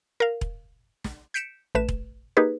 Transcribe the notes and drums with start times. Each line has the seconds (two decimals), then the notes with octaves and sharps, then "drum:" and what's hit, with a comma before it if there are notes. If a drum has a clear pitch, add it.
0.20 A#4 F5
0.41 drum: kick E1
1.04 drum: snare
1.34 G6 B6 C#7 D7 E7
1.75 A1 A3 B4 E7
1.89 drum: kick E1
2.37 A#3 D#4 G4 G#4 B4